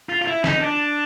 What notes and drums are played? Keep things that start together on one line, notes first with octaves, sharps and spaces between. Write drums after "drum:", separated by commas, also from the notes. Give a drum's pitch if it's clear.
F4
F4
E4
D#4, drum: snare
D4